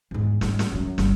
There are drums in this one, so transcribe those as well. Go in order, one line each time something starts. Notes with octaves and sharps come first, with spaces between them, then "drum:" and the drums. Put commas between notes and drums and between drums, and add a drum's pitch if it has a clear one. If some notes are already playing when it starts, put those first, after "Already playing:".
E2 G#2
G#2 G#3, drum: snare
drum: snare
F#2 F#3
G1 G2, drum: snare